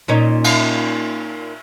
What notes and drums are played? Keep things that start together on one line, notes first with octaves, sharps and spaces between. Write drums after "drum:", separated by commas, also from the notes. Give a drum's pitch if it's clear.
A#2 C#4 D#4
drum: cymbal